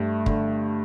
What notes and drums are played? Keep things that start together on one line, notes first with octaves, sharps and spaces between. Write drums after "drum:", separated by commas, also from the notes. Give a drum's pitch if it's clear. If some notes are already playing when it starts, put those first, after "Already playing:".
Already playing: G2 A3
D3, drum: kick